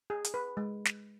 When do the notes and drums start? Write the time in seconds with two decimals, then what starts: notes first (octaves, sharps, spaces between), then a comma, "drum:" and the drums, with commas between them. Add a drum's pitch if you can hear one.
0.10 G#4
0.24 drum: hi-hat
0.34 B4
0.57 G#3
0.85 drum: snare